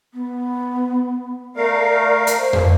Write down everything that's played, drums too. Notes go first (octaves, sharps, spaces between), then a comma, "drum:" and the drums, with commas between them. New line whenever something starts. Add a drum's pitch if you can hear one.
B3
A3 A#4 D5 F5
drum: hi-hat
C5
D#3 A#3, drum: tom F2